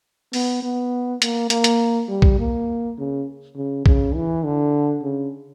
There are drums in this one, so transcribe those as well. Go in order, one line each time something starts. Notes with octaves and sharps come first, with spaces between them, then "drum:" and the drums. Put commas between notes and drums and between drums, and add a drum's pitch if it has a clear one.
B3, drum: open hi-hat
B3
A#3, drum: hi-hat
A#3, drum: hi-hat
drum: hi-hat
G3
drum: kick B1
A#3
C#3
C#3
C#3, drum: kick B1
E3
D3
C#3